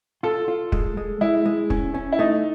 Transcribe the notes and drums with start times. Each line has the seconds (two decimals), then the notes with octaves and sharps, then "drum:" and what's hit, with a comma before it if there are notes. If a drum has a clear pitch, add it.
0.23 F4 A4
0.48 F4
0.72 G#3, drum: kick
0.97 G#3
1.21 G#3 E4
1.46 G#3
1.70 C#4, drum: kick
1.94 C#4
2.12 E4
2.19 A3 D#4